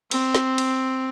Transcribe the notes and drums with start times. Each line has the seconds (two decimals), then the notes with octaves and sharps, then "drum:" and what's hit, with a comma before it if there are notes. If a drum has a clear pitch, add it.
0.11 C4, drum: cymbal
0.35 drum: snare
0.58 drum: cymbal